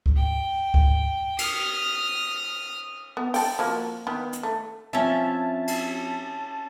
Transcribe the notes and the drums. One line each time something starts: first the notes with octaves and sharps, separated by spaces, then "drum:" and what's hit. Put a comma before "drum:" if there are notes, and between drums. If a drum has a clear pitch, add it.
drum: kick C#2
G5
drum: kick C#2
D#6 F6, drum: cymbal
B3
A4 G5, drum: open hi-hat
F3 A#3 F#4
D#3 B3
drum: hi-hat
A3
F3 C4 C#4 E5 A5
drum: cymbal